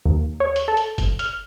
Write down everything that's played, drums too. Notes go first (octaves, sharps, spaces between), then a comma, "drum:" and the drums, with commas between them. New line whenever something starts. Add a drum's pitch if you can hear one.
D#2
C#5
drum: hi-hat
A4
drum: hi-hat
drum: kick F#1, hi-hat
F6, drum: hi-hat